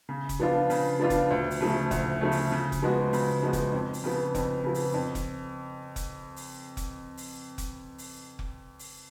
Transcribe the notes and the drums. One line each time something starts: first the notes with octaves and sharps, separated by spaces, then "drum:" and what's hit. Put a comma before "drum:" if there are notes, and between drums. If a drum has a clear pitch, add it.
C#3
drum: kick F1, hi-hat
F3 B3 D4 F4
C#3, drum: open hi-hat
F3 B3 D4 F4
drum: kick F1, hi-hat
D2
drum: open hi-hat
C#3 F3 A3
D2, drum: kick F1, hi-hat
C#3 F3 A3
drum: open hi-hat
C#3
drum: kick F1, hi-hat
F3 G#3 B3 F#4
C#3, drum: open hi-hat
F3 G#3 B3 F#4
drum: kick F1, hi-hat
F2
drum: open hi-hat
C#3 F3 B3
F2, drum: kick F1, hi-hat
C#3 F3 B3
drum: open hi-hat
F2
drum: kick F1, hi-hat
drum: kick F1, hi-hat
drum: open hi-hat
drum: kick F1, hi-hat
drum: open hi-hat
drum: kick F1, hi-hat
drum: open hi-hat
drum: kick F1
drum: open hi-hat